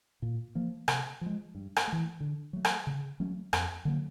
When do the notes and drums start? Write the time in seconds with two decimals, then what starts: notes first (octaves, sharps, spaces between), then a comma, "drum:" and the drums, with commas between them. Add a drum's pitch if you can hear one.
0.22 A#2
0.55 F3 A#3
0.88 C3, drum: rim click
1.21 F3 G#3
1.55 G2
1.76 drum: rim click
1.87 E3 A3
2.20 D3
2.53 F#3 A3
2.65 drum: rim click
2.87 C#3
3.20 F#3 A3 C#4
3.53 F2, drum: rim click
3.85 D3 F#3 A#3